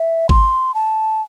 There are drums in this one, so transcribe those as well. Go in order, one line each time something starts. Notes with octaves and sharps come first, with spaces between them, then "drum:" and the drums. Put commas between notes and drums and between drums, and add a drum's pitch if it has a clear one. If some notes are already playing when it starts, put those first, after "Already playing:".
Already playing: E5
C6, drum: kick G#1
A5